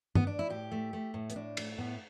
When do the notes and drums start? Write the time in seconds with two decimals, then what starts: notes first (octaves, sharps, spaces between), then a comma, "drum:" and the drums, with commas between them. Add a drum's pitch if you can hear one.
0.15 B3, drum: tom G2
0.27 D4
0.39 E4
0.50 A2 G4
0.72 A3
0.93 A3
1.14 A2
1.30 B3, drum: hi-hat
1.36 A2 D4
1.57 A3, drum: cymbal
1.78 A2 B3